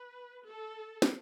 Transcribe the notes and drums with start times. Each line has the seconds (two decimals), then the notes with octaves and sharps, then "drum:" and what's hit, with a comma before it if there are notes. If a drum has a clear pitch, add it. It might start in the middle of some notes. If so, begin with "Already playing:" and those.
Already playing: B4
0.47 A4
1.02 drum: snare